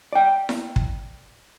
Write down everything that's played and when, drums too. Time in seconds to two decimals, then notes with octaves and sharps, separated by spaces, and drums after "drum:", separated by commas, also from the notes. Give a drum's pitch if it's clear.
0.13 D5 G5
0.49 drum: snare E4
0.76 drum: kick